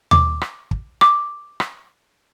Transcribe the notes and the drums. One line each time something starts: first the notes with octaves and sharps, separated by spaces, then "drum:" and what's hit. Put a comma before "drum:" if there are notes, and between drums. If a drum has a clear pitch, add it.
D6, drum: tom D#2
drum: rim click
drum: kick
D6, drum: rim click
drum: rim click